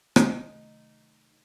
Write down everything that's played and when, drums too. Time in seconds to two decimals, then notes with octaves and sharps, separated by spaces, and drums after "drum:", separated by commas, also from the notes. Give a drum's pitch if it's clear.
0.16 C3 D#3 F#3 A3 D#4, drum: rim click